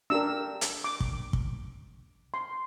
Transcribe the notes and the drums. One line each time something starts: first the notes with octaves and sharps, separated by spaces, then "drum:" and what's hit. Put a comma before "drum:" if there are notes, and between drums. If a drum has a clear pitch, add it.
D4 G4 A#4 E6
drum: hi-hat
D6
drum: kick
drum: kick
C6